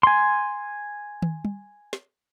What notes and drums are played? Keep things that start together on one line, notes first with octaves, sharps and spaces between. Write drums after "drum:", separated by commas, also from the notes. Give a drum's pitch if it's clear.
G#5 C6
drum: tom
drum: tom
drum: snare